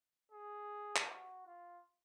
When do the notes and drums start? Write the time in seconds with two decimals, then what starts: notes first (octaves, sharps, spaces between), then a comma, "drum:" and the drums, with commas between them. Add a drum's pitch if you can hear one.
0.32 G#4
0.96 drum: clap
1.09 F#4
1.47 F4